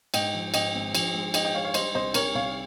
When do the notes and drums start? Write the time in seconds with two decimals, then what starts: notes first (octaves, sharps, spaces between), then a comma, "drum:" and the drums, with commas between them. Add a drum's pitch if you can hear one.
0.14 G#2 D#5 G5, drum: cymbal
0.34 F3
0.54 G#2 D#5 G5, drum: cymbal
0.75 G#1
0.95 F3, drum: cymbal
1.14 G#3
1.34 D#4 D#5 G5, drum: cymbal
1.44 D#5 G5
1.54 G#3 C#5 F5
1.64 C#5 F5
1.74 G3 C5 D#5, drum: cymbal
1.95 C2 C5 D#5
2.14 C2 A#4 C#5, drum: cymbal
2.35 C2 C#5 F5